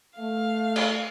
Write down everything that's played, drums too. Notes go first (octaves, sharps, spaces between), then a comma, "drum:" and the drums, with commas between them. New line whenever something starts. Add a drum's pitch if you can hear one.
A3 F5
drum: cymbal